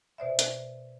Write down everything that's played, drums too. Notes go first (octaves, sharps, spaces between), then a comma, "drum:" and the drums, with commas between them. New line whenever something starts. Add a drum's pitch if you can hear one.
B2 C5 D5 E5
drum: hi-hat